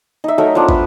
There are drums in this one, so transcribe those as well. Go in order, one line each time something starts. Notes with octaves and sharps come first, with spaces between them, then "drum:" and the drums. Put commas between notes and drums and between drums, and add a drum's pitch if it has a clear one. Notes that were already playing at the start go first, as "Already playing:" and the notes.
D#4 E5
F#3 A3 D#4 A#4
F3 B3 D4
B4, drum: kick